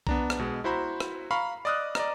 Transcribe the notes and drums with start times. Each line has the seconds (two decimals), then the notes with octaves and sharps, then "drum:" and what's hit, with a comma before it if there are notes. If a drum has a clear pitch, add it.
0.07 B3 D4 A#5, drum: kick B1
0.30 drum: rim click
0.39 B2 G#3
0.64 E4 F#4 C5 A#5 B5
1.00 drum: rim click
1.31 F5 A#5 B5 C#6 F6
1.65 D5 D#5 D#6 F6 F#6
1.95 D5 D#5 A#5, drum: rim click